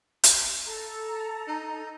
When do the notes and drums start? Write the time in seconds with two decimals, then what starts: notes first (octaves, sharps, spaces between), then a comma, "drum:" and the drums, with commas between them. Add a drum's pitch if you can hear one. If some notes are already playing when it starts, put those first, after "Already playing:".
0.24 drum: hi-hat
0.65 A4 A#5
1.48 D#4